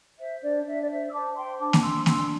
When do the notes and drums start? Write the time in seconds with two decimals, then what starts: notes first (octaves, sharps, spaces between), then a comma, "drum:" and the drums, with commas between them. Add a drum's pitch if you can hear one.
0.18 C5 E5
0.41 D4 D5
0.65 D4 E5
0.82 D5
0.88 C5 E5
1.07 E6
1.12 C5 A5 D6
1.35 C5 G5 C6
1.59 D4 A5 D6
1.73 drum: snare A#3
1.82 D4 C6 E6
2.06 D4 C6 E6, drum: snare A#3